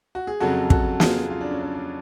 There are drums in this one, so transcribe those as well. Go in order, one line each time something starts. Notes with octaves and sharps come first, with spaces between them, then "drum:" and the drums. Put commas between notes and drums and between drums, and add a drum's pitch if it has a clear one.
F#4
G#4
F2 C#3 F#3 F#4 A4
F#4 A4, drum: kick
F4 G#4, drum: snare
F4
D4
C#4
D4
D4